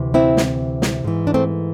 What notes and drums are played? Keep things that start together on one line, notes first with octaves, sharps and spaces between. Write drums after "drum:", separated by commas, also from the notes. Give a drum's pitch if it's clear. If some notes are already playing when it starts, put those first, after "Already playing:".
Already playing: D2 C3 E3
C4 E4
drum: snare
drum: snare
G#2 E3
D4
A3 C4